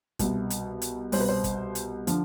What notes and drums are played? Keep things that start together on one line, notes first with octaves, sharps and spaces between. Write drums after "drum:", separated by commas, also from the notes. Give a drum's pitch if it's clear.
C2 B2, drum: kick, hi-hat
drum: hi-hat
drum: hi-hat
C2 B2 C5, drum: open hi-hat
B4
C5
drum: kick, hi-hat
drum: hi-hat
D3 F3, drum: hi-hat